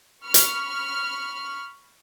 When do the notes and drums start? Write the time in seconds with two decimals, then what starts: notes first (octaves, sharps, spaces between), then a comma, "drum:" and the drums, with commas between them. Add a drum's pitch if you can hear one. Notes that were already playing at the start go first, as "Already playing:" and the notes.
0.24 B5 C#6 F6
0.34 drum: hi-hat